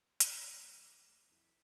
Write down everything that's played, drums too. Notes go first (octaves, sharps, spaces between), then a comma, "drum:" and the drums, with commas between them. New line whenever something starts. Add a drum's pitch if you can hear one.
D#3 F#3 A3 F#4 D5, drum: hi-hat
D6
F2 E4